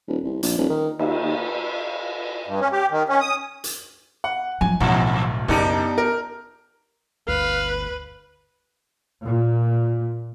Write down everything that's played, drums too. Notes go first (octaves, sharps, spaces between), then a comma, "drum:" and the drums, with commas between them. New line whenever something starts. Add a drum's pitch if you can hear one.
D#1
C2
A#1, drum: hi-hat
D#1
D#3
D#2, drum: cymbal
D#2
G2
C#4
G4
D#3
C#4
D#6
drum: hi-hat
F#5
F3 F#3 G#5
D1 B1 E2 G#3
F#1 B3 D4 D#4 G4
A#4
G1 D2 B4 F5
A#2